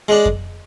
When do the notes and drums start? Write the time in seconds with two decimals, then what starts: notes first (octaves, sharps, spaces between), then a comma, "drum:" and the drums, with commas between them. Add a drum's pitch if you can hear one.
0.08 G#3 D4
0.25 drum: kick F2